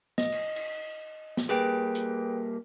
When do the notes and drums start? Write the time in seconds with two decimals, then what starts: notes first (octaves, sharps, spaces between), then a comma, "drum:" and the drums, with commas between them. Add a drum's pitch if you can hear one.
0.18 D#5, drum: snare
0.32 drum: cymbal
0.56 drum: cymbal
1.37 drum: snare
1.49 G3 A#3 G#4 B4 G5
1.95 drum: hi-hat